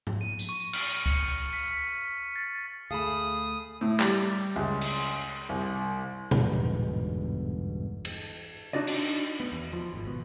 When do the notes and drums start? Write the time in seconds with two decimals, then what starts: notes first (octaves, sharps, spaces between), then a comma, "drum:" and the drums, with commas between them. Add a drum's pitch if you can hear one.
0.07 drum: tom G#2
0.21 D#7
0.39 drum: tambourine
0.49 C#6
0.73 F6, drum: cymbal
1.06 C#7, drum: kick C#2
1.53 B6
2.36 A6
2.91 D2 A3 G#4 F5 A5 B5 D#6
3.81 A2
4.00 G3, drum: clap
4.56 C#2
4.81 drum: cymbal
5.49 C2
6.31 G1 E2 G#2 B2, drum: tom A#2
8.05 drum: cymbal
8.73 D4 D#4 F#4 D5 D#5
8.87 drum: cymbal
9.40 B3
9.52 E2
9.73 F3
9.94 G#1
10.07 B2